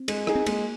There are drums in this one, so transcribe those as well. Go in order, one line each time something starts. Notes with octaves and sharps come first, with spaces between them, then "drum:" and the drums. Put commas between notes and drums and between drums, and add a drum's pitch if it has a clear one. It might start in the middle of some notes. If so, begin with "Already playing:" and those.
Already playing: C4
G#3, drum: cymbal
D#4 G#4, drum: rim click
C4
G#3 A#3, drum: cymbal